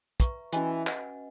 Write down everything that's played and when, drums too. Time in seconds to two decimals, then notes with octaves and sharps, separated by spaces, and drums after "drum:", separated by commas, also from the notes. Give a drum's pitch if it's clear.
0.20 B4 E5 A#5 C#6, drum: kick, hi-hat
0.53 E3 C#4 F#4 B4 D#5 G#5, drum: hi-hat
0.87 B4 D#5 F#5, drum: clap